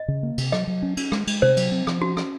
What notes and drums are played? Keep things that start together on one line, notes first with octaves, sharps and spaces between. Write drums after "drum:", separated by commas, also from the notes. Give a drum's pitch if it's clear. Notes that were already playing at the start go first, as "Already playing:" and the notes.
Already playing: D#5
C#3
A#3
C3, drum: cymbal
F#3 D#5, drum: rim click
F#3
C#4
C#4, drum: cymbal
G#3, drum: rim click
G#3, drum: cymbal
C3 C5
F#3, drum: cymbal
C4
F3, drum: rim click
C#4 F#4
C#4, drum: rim click